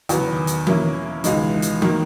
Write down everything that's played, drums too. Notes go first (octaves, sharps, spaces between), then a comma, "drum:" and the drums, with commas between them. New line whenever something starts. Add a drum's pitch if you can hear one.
E2 B2 D#3 F#3 B3, drum: hi-hat
C#3
D#3
drum: hi-hat
B2 A#3 C#4 E4, drum: tom E3
C#2 B2 E3 G#3 D#4, drum: hi-hat
D#3
E3
drum: hi-hat
D#3 F#3 A#3, drum: tom E3